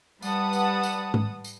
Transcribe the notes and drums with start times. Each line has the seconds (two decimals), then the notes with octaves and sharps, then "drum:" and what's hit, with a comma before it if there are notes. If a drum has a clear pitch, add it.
0.22 G3 B4 F#5 A5 D#6, drum: tambourine
0.53 drum: tambourine
0.83 drum: tambourine
1.14 drum: tom G#2
1.44 drum: tambourine